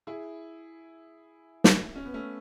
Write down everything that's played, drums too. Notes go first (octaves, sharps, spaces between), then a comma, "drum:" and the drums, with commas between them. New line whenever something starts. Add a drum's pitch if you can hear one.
E4 G#4
drum: snare
C#4
B3
A3 C#4